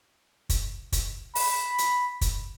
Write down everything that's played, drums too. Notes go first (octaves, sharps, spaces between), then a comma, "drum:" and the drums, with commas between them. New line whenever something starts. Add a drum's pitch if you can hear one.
drum: kick, hi-hat
drum: kick, hi-hat
B5, drum: open hi-hat
drum: hi-hat
drum: kick, hi-hat